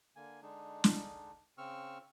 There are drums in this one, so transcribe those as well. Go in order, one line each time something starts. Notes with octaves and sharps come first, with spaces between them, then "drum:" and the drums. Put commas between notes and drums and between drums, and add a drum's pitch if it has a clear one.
D3 A#3 G#5
D3 G#3 D4 D#4
drum: snare
C#3 C4 C#6 E6 F6